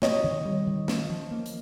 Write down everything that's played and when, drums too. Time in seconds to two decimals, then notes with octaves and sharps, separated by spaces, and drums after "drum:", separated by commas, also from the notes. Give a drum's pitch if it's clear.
0.02 C4 C#5 D#5, drum: snare
0.24 D#3
0.45 G3
0.67 D#3
0.88 C#4, drum: snare
1.10 F3
1.31 A#3
1.46 drum: hi-hat